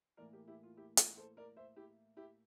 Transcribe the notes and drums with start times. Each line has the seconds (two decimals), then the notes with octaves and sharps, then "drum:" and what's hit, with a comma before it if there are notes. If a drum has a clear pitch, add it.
0.17 A2 E3 A#3 E4 A#4 D5
0.33 G4 A#4
0.47 E4 G4
0.63 F4
0.77 E4 G4
0.97 F4 A4, drum: hi-hat
1.17 A4 C5
1.37 A#4 D5
1.57 C5 E5
1.76 E4 G4
2.17 E4 G4